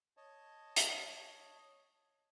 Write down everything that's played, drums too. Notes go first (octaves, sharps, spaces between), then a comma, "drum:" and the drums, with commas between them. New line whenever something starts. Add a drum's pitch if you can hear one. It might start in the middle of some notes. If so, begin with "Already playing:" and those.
C#5 D#5 A5
drum: hi-hat